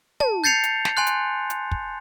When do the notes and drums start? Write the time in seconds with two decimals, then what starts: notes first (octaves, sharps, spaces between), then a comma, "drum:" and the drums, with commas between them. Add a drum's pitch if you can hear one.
0.20 A5, drum: tom
0.44 G6 A6 C7 C#7 F7
0.64 drum: hi-hat
0.85 drum: snare
0.97 G#5 C6 F#6
1.07 drum: hi-hat
1.50 drum: hi-hat
1.71 drum: kick